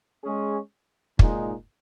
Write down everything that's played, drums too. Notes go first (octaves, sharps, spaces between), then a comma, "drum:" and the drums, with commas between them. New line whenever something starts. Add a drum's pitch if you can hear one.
G#3 C#4 G#4
A#2 G#3 D#4, drum: kick